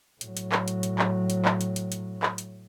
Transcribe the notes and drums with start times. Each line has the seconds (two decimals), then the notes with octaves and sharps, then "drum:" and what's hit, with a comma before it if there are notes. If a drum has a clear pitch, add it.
0.21 A2 F#3, drum: hi-hat
0.37 drum: hi-hat
0.52 drum: clap
0.68 drum: hi-hat
0.83 drum: hi-hat
0.99 drum: clap
1.30 drum: hi-hat
1.45 drum: clap
1.61 drum: hi-hat
1.76 drum: hi-hat
1.92 drum: hi-hat
2.23 drum: clap
2.38 drum: hi-hat